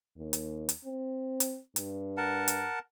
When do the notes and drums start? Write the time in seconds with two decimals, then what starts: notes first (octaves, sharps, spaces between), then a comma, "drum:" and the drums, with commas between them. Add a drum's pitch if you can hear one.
0.17 D#2
0.33 drum: hi-hat
0.69 drum: hi-hat
0.84 C4
1.40 drum: hi-hat
1.76 G2, drum: hi-hat
2.17 A#4 F#5 A5
2.48 drum: hi-hat